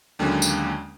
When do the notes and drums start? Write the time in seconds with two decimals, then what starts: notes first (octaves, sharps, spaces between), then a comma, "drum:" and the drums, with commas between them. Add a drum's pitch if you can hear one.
0.19 D#2 D3 F#3 G#3 A#3 C#4
0.42 drum: tambourine